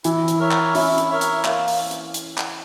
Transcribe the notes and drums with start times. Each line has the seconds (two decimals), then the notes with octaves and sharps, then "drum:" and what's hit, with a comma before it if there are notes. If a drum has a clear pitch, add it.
0.04 E3 E4, drum: hi-hat
0.28 drum: hi-hat
0.39 A#4 C#5 E5
0.51 drum: clap
0.75 C#4 E4, drum: open hi-hat
0.98 drum: hi-hat
1.09 A#4 C#5 E5
1.21 drum: hi-hat
1.45 A#3, drum: clap
1.68 drum: open hi-hat
1.91 drum: hi-hat
2.14 drum: hi-hat
2.38 drum: clap